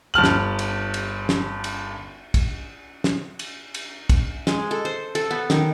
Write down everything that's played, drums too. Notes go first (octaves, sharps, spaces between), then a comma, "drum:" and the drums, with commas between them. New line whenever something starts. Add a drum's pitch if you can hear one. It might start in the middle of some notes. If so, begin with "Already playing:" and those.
G1 A5 F6 F#7
drum: snare
drum: cymbal
drum: cymbal
drum: snare
drum: cymbal
drum: kick, cymbal
drum: snare
drum: cymbal
drum: cymbal
drum: kick, cymbal
G#3, drum: snare
A4
C5
A4, drum: cymbal
B3
D#3, drum: snare